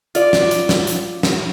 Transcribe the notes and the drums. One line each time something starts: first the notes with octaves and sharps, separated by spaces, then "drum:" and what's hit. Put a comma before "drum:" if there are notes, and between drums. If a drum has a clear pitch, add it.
F4 D5, drum: hi-hat
drum: snare
drum: hi-hat
drum: snare
drum: hi-hat
drum: snare